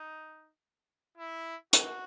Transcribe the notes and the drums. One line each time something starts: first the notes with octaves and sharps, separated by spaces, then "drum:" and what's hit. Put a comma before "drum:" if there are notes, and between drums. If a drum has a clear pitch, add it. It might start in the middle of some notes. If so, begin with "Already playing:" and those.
Already playing: D#4
E4
F#4, drum: hi-hat